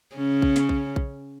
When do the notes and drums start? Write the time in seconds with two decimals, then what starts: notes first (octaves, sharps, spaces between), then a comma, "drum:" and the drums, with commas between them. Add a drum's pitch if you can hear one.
0.15 C#3 C#4
0.42 drum: kick A#1
0.56 drum: snare
0.69 drum: kick A#1
0.96 drum: kick A#1